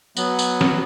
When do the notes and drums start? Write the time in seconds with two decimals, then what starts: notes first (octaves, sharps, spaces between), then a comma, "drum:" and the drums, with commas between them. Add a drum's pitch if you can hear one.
0.17 F#3 B3, drum: tambourine
0.39 drum: tambourine
0.61 drum: snare